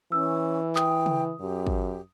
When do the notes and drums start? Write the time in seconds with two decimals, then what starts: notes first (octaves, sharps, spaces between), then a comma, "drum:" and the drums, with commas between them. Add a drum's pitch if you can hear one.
0.12 E3 C#4 E6
0.76 G5 D#6, drum: clap
1.06 drum: tom C#3
1.40 F#2 G4
1.67 drum: kick